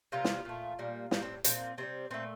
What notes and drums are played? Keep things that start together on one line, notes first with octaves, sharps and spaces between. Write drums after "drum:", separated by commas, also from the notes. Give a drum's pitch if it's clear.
C3 G3 A#3 F4
drum: snare
A#2 A3
A#2 G3 A#3
A2 G3 A#3, drum: snare
C4
A#2 F3 A#3 C4, drum: hi-hat
C3 D#3 G3 C4
A#2 A3 C4